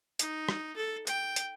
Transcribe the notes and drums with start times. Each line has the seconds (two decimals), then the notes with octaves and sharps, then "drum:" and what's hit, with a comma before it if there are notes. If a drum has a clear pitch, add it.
0.19 D#4, drum: hi-hat
0.49 drum: rim click
0.77 A4
1.07 G5, drum: hi-hat
1.36 drum: hi-hat